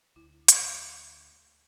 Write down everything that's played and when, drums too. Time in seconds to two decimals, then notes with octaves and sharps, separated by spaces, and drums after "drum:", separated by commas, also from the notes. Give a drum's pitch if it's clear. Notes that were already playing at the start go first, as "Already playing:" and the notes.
0.16 D2 E4
0.48 drum: hi-hat